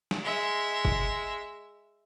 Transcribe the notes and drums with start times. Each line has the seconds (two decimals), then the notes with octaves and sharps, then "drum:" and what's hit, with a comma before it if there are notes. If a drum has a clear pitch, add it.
0.11 drum: snare
0.23 G#3 E5
0.85 drum: kick